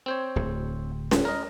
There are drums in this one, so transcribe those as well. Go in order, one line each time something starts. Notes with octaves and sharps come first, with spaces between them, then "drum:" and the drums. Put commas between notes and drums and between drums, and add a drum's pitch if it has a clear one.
C4 C5 C#5
D1 D2
drum: snare C#4
A#4 D#5